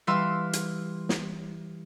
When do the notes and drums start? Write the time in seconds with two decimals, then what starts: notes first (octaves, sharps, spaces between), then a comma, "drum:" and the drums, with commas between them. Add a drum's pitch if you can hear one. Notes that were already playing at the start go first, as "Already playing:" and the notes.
0.07 E3 G3 F5 C6 E6
0.53 drum: hi-hat
1.09 drum: snare